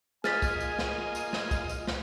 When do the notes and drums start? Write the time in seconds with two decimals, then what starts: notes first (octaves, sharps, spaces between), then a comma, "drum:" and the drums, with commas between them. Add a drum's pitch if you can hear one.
0.24 A#3 F4 G#4 D#5 G#5 F6 A6 B6, drum: snare
0.42 drum: kick C2, tambourine
0.60 drum: tambourine
0.79 drum: snare
1.15 drum: tambourine
1.33 drum: snare
1.51 drum: kick C2, tambourine
1.69 drum: tambourine
1.87 drum: snare